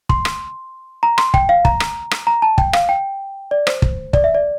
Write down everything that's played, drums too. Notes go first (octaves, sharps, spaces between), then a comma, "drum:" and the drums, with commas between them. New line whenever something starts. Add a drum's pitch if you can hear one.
C6, drum: kick
drum: rim click
A#5
C6, drum: rim click
G5, drum: kick
F5
A#5, drum: kick
drum: rim click
drum: rim click
A#5
A5
G5, drum: kick
F5, drum: rim click
G5
D5
C5, drum: rim click
drum: kick
D5, drum: kick
E5
D5